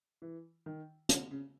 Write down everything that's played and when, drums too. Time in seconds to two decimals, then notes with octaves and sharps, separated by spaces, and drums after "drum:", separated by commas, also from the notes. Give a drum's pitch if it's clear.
0.22 E3
0.66 D#3
1.09 D3, drum: hi-hat
1.31 C#3